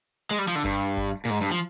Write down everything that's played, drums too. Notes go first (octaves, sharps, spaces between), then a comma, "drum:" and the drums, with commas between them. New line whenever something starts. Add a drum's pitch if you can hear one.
G#3, drum: open hi-hat
G3
F3
D3
G2, drum: kick F#1, hi-hat
drum: kick F#1, hi-hat
A#2
G#2, drum: hi-hat
G2
F3